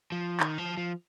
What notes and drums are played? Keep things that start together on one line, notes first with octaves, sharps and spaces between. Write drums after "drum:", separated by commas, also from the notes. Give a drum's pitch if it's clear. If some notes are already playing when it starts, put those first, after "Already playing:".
F3
D#3, drum: clap
F3
F3